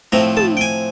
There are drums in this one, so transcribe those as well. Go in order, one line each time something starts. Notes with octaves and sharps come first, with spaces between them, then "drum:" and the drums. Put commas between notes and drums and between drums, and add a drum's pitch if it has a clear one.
A2 F3 A3 C4 A#5
A5, drum: tom
G5
G#5